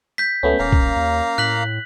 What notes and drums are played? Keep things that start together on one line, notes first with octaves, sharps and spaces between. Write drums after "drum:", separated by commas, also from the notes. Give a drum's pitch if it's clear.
G6 B6
C#2 A3 B3 C#4
D#1 A#3 C#4 F5 A#5
drum: kick B1
D#2
A2 F#6 B6 F#7